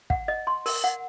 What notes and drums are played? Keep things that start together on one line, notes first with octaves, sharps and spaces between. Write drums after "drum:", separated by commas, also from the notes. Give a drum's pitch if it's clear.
F#5, drum: kick
D#5
C6
A#4, drum: open hi-hat
F#5